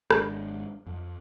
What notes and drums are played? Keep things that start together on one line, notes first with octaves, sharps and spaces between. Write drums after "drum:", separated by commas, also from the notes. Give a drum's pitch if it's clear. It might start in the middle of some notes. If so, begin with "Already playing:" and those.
G#1 G#3 D4, drum: rim click
F2